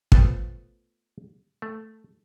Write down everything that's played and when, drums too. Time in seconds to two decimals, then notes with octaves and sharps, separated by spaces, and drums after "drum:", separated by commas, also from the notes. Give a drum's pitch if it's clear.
0.12 A3 B3 F4 A4 C5 G5, drum: kick
1.62 A3